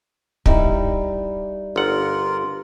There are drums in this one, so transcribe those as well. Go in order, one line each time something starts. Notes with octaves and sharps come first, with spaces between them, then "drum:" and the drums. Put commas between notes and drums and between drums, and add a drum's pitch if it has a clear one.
G3 D#4 E4, drum: kick
G1 F4 A#4 F#5